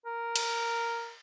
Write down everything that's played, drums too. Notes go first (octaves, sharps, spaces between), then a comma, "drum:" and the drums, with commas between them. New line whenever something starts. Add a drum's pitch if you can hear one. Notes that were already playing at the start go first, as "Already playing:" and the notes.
A#4
drum: cymbal